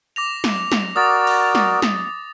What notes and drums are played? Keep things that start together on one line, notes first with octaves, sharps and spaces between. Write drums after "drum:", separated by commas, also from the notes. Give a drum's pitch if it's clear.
D6 A#6 F7
drum: snare
drum: snare
F#4 A#4 D5 D#6 A6
drum: cymbal
drum: snare
drum: snare